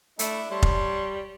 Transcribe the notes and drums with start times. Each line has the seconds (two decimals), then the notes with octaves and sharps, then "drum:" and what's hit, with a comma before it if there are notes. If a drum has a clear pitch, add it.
0.19 A3 D4 E4, drum: hi-hat
0.51 G3 C#5 A5 C6
0.63 drum: kick